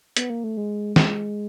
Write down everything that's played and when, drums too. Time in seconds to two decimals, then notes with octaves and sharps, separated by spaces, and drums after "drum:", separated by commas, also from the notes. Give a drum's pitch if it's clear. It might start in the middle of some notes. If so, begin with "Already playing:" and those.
0.17 B3, drum: hi-hat
0.30 A#3
0.44 A3
0.57 G#3
0.96 G#3, drum: snare